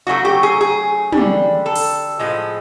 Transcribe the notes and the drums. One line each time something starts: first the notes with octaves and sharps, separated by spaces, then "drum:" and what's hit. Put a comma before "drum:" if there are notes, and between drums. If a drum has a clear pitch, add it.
C#3 F#3 A3 F#4
G4
G#4
G#4
D3 G3, drum: tom
A4
drum: open hi-hat
A2 F3 G#3